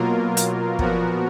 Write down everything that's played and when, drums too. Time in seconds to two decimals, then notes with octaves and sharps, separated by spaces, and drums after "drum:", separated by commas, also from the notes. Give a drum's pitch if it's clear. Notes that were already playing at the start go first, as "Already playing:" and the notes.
Already playing: B2 F#3 A#3 F4 A#4
0.37 drum: hi-hat
0.79 A#2 F3 B3 F#4 A#4, drum: kick